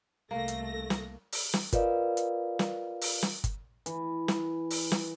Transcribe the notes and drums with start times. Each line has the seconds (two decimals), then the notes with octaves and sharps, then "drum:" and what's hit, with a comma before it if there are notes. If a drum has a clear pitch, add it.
0.31 C2 A3 A#3 A#6
0.48 drum: hi-hat
0.90 drum: snare
1.32 drum: open hi-hat
1.54 drum: snare
1.73 F4 A#4 B4 D5 D#5 F5, drum: kick G1, hi-hat
2.17 drum: hi-hat
2.59 drum: snare
3.01 drum: open hi-hat
3.23 drum: snare
3.44 drum: kick G1, hi-hat
3.86 E3, drum: hi-hat
4.28 drum: snare
4.70 drum: open hi-hat
4.92 drum: snare